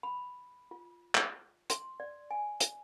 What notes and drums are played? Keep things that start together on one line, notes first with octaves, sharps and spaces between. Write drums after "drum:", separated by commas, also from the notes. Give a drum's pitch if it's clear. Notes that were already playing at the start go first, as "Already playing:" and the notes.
B5
F4
drum: clap
C6, drum: hi-hat
D5
G#5
drum: hi-hat